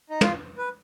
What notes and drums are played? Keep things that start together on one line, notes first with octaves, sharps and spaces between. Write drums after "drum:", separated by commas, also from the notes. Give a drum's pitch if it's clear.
D#4
F4, drum: tom
B4